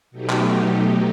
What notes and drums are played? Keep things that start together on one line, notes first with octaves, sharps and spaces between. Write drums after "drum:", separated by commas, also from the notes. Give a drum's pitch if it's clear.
B2 F#3 A3 D#4 G4
drum: clap